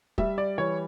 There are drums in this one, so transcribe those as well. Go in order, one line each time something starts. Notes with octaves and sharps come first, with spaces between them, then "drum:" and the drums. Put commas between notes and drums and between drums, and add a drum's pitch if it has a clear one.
G3 E5, drum: kick
D5
E3 C#5